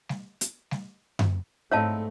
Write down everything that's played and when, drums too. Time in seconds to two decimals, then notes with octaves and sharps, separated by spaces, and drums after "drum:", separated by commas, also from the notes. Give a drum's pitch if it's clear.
0.09 drum: snare
0.41 drum: hi-hat
0.71 drum: snare
1.19 drum: tom F#2
1.71 G#2 A3 C4 D#4 E4 C#5 F5 A5